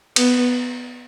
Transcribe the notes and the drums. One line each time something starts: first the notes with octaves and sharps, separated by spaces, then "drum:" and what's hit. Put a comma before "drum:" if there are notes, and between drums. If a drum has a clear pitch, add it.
B3, drum: cymbal